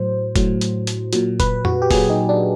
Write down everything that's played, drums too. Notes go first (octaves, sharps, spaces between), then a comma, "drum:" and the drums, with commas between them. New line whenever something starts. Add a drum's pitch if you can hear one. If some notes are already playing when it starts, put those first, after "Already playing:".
Already playing: A2 F#3 C5
A2 F#3, drum: kick F1, hi-hat
drum: hi-hat
drum: hi-hat
A#2 F#3, drum: hi-hat
B4, drum: kick F1, hi-hat
F#4, drum: tom F2
G4
A#2 F#3 G#4, drum: kick F1, open hi-hat
D#4
D4